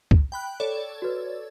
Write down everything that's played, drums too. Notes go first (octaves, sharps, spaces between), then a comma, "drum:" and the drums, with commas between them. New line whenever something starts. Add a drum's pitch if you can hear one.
drum: kick
G5 B5 F#6
A4 C#5 D5
F#4 B4